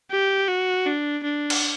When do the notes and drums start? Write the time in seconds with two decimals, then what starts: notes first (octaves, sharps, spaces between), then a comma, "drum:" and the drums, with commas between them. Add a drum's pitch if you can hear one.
0.11 G4
0.48 F#4
0.86 D4
1.23 D4
1.50 drum: cymbal